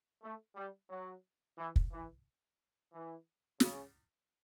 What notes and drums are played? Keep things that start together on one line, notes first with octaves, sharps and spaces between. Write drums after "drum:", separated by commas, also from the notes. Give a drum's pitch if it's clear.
A3
G3
F#3
E3
drum: kick
E3
E3
C#3, drum: snare